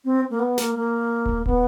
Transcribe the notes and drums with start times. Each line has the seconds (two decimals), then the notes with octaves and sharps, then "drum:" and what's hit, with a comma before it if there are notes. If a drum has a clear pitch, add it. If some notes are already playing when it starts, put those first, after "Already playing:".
0.05 C4
0.30 A#3
0.39 B3
0.58 A#3, drum: snare
0.75 A#3
1.26 drum: kick
1.46 B3, drum: kick